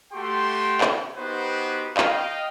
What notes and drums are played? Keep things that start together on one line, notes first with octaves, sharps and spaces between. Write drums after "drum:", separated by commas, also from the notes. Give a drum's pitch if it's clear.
A3 F#4 G4 G5 C6
drum: clap
B3 D#4 F#4 G4 B4 C5
D#5 F5 G5, drum: clap